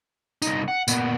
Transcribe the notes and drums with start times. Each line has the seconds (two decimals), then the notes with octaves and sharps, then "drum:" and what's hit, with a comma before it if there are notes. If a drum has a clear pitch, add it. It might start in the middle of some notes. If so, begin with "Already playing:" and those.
0.42 C2 D#4, drum: tambourine
0.68 F#5
0.88 A#2 B3, drum: tambourine